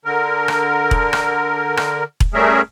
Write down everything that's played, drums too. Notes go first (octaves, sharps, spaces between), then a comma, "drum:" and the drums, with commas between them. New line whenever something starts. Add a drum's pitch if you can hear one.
D3 A#4
drum: rim click
drum: kick E1
drum: rim click
drum: rim click
drum: kick E1
G3 A3 C#4 G#4 A#4 E5